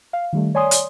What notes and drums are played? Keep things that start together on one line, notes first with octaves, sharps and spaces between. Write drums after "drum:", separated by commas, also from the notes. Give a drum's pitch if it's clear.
F5
D#3 G3 A3
C#5 D5 G#5 C6 D#6
drum: hi-hat